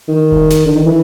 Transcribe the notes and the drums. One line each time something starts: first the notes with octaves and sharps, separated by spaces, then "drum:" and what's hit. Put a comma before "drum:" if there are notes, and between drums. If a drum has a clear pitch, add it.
D#3
drum: kick F1
drum: snare
D3
D#3
E3